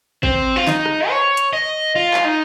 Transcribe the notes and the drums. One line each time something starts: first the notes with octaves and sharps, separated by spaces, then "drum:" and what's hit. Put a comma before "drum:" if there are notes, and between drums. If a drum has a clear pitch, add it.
C4, drum: kick
F4
D#4, drum: snare
drum: rim click
C#5
drum: hi-hat
D#5
F4
drum: clap
D#4